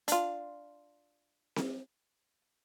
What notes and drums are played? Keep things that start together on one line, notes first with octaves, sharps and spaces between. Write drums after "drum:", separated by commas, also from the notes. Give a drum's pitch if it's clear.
D4 F4, drum: hi-hat
drum: snare C4